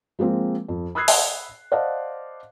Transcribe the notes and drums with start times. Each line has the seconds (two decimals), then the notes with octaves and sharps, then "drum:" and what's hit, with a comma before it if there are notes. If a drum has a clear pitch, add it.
0.19 F3 G#3 A#3 C4
0.69 F2
0.95 B5 D#6 E6 F#6 G#6 C7
1.08 drum: open hi-hat
1.72 C5 D5 D#5 F5 F#5 A5